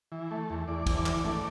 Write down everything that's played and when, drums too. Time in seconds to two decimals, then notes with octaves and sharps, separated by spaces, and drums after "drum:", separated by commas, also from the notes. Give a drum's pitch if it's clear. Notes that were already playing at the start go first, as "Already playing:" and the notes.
0.12 E3
0.31 A3
0.50 E2
0.68 E2 D5
0.86 E2, drum: kick, cymbal
1.06 E3, drum: clap
1.25 A3, drum: tom G2